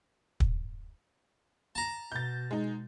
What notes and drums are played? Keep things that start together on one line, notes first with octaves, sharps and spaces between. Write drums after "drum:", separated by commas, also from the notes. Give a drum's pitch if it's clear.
drum: kick
A5 A#5
B2 G6 A6
G#3 D#4